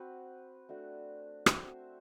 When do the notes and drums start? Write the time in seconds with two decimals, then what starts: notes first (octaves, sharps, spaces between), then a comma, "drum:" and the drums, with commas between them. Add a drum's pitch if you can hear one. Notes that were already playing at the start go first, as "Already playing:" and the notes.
Already playing: C4 F#4 B4
0.69 A3 D4 F#4
1.46 C4 F#4 C5 E5, drum: rim click